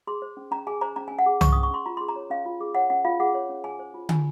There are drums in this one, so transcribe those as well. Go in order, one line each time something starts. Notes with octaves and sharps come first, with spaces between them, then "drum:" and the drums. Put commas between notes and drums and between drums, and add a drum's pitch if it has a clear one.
G#4 C6
C5
C#4
C#4 A#5
G#4 G#5
C5 A#5
C#4 A#5
C#4 G#5
F#5
G#4
C5 C#6, drum: tom C2
C#4 D#6
C#6
C#4 C6
F4 A#5
G#4 C6
A#5
C#5
C#4 F5
F4
G#4
C#5 F#5
C#4 F#5
F4 F5
G#4 F#5
C#5
C#4
G#4 G#5
C5
F4
F4 G#5, drum: tom